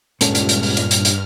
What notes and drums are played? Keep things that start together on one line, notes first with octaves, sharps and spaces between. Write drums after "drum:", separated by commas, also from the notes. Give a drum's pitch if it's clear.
C#2 G2 A#2 C#4 A4 F6, drum: hi-hat
drum: hi-hat
drum: hi-hat
drum: open hi-hat
drum: hi-hat
drum: hi-hat
drum: hi-hat